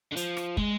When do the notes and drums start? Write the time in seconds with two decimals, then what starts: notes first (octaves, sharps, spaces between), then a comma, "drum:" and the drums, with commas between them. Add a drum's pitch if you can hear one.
0.12 D3
0.17 F3, drum: hi-hat
0.37 drum: rim click
0.57 G#3, drum: kick